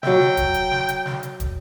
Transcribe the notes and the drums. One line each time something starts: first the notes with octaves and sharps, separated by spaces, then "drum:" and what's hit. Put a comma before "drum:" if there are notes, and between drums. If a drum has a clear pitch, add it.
F#3 E5 G5, drum: snare
drum: snare
drum: kick, hi-hat
drum: hi-hat
drum: snare
drum: hi-hat
drum: snare
drum: hi-hat
drum: kick, hi-hat